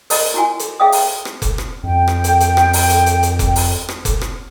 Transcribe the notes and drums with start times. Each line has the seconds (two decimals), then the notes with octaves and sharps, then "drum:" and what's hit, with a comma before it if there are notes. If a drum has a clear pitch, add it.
0.10 A#4 D#5, drum: open hi-hat
0.34 E4 F#4 G#5
0.59 drum: hi-hat
0.80 G#4 E5 F5 G5 D#6
0.92 drum: open hi-hat
1.25 drum: rim click
1.42 drum: kick F1, hi-hat
1.58 drum: rim click
1.83 F2 G5
2.08 drum: rim click
2.24 drum: hi-hat
2.40 drum: hi-hat
2.57 drum: rim click
2.73 drum: open hi-hat
2.90 drum: hi-hat
3.06 drum: hi-hat
3.23 drum: hi-hat
3.39 drum: kick F1, hi-hat
3.56 drum: open hi-hat
3.89 drum: rim click
4.05 drum: kick F1, hi-hat
4.21 drum: rim click